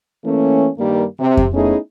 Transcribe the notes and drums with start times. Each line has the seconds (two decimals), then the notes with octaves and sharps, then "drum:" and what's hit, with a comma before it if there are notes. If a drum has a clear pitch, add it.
0.25 E3 A3 A#3 C#4
0.78 G2 D#3 G3 A#3
1.19 C3
1.37 drum: kick F2
1.53 A3 B3 C#4 D#4 E4 G#4